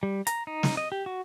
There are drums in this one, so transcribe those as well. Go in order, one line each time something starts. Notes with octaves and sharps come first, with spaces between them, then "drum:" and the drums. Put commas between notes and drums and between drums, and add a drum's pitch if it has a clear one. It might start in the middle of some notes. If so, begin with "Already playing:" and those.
G3
A#5, drum: hi-hat
D#4
drum: snare
D#5
G4
F#4